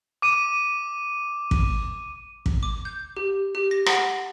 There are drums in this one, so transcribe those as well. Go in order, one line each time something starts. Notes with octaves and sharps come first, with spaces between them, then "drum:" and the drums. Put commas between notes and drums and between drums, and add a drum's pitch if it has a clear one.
D6 D#7
drum: kick
drum: kick
D6
G6
G4
G4
A#6
F#5, drum: rim click